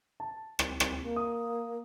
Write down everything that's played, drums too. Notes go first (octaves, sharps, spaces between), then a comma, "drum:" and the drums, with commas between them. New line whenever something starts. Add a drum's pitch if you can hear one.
A5
drum: rim click
drum: rim click
A#3
D#6